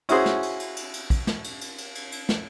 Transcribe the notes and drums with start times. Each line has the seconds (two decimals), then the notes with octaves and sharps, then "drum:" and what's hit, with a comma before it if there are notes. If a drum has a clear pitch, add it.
0.09 C#4 E4 F#4 G#4 C5, drum: cymbal
0.26 drum: snare
0.43 drum: cymbal
0.60 drum: cymbal
0.76 drum: cymbal
0.93 drum: cymbal
1.10 drum: kick, cymbal
1.27 drum: snare
1.44 drum: cymbal
1.61 drum: cymbal
1.78 drum: cymbal
1.95 drum: cymbal
2.12 drum: cymbal
2.29 drum: snare